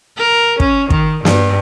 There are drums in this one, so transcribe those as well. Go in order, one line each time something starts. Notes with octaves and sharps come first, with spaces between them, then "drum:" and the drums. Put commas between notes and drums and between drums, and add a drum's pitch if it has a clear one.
A#4
C#4, drum: kick
D#3, drum: kick
G2, drum: snare